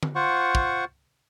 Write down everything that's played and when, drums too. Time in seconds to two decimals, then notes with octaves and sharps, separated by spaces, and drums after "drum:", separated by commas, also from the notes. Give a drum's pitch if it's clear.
0.03 drum: tom D3
0.15 F4 C5 F#5 C#6
0.55 drum: kick